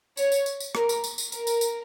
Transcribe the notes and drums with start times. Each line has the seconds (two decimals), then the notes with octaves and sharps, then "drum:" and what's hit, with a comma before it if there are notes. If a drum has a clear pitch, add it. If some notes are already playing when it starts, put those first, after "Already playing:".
0.17 C#5, drum: tambourine
0.32 drum: tambourine
0.46 drum: tambourine
0.60 drum: tambourine
0.75 A#4, drum: rim click
0.89 drum: tambourine
1.04 drum: tambourine
1.18 drum: tambourine
1.32 A#4, drum: tambourine
1.47 drum: tambourine
1.61 drum: tambourine